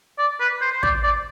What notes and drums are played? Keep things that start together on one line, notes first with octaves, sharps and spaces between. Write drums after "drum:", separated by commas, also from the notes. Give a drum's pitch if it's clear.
D5
B4
C5
C5
D5, drum: kick
D5